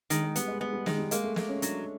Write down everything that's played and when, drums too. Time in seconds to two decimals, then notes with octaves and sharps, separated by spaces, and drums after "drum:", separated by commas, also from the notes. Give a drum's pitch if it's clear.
0.10 D#3 G#3, drum: hi-hat
0.23 G#3
0.36 G3 B3, drum: hi-hat
0.48 G#3
0.60 G#3 B3
0.73 G3
0.86 D#3 G#3, drum: snare
0.98 G3
1.11 G#3 A#3, drum: hi-hat
1.24 A3
1.36 G#3 A#3, drum: snare
1.49 C#4
1.62 F#3 D4, drum: hi-hat